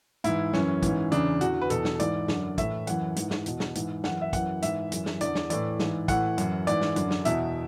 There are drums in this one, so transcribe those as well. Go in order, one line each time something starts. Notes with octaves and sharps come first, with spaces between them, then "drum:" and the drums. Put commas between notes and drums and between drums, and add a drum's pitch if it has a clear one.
G#2 E3 E4, drum: hi-hat
F#2 E3 C#4, drum: snare
G#2 E3, drum: kick, hi-hat
E2 C#3 E3 D4, drum: hi-hat
E2 D3 F#4, drum: hi-hat
B4
E2 B2 A4, drum: hi-hat
drum: snare
G#2 E3 D5, drum: hi-hat
F#2 D3, drum: snare
A2 E3 E5, drum: kick, hi-hat
F#2 E3 F#5, drum: hi-hat
G#2 E3, drum: hi-hat
drum: snare
E2 B2, drum: hi-hat
drum: snare
G#2 E3, drum: hi-hat
F#2 E3 F#5, drum: snare
E5
F#2 E3 F#5, drum: kick, hi-hat
G#2 E3 E5, drum: hi-hat
F#2 E3, drum: hi-hat
drum: snare
E2 D3 D5, drum: hi-hat
drum: snare
A2 E3 D5, drum: hi-hat
G#2 E3, drum: snare
A2 E3 F#5, drum: kick, hi-hat
F#2 E3, drum: hi-hat
G#2 E3 D5, drum: hi-hat
drum: snare
F#2 D3, drum: hi-hat
drum: snare
E2 B2 E5, drum: hi-hat